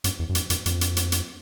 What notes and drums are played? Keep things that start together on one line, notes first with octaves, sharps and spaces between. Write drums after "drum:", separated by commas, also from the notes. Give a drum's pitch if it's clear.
F#2, drum: hi-hat
E2
F#2
F2, drum: hi-hat
F2, drum: hi-hat
F2, drum: hi-hat
drum: hi-hat
drum: hi-hat
drum: hi-hat